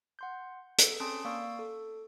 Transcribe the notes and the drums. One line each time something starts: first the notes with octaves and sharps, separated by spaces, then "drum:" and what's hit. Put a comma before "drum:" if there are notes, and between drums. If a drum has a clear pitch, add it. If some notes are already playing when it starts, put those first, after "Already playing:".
F#5 C6 G6
G#4 A4, drum: hi-hat
C4 C#4 A5 C6 D#6 D7
A#3 D5 F5 C#6 E6 D7
A4